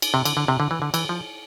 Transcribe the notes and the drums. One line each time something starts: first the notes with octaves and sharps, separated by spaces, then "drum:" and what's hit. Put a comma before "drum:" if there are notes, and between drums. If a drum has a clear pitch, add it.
drum: cymbal
C3
D3, drum: cymbal
D3
C3
D3
E3
D3
E3, drum: cymbal
F3